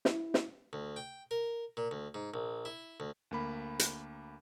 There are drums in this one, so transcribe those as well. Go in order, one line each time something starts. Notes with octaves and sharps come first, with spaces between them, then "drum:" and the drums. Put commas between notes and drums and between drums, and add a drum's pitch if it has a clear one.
E4, drum: snare
drum: snare
D2
G5
A#4
A#2
D2
G#2
A#1
E4
D2
D2 A#3 B5
drum: hi-hat